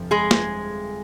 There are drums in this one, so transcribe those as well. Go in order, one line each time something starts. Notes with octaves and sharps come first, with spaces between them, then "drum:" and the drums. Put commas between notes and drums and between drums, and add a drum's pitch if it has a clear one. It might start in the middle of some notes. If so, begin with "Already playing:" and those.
Already playing: G1 F2 C3 F3
G#3 G#4
drum: snare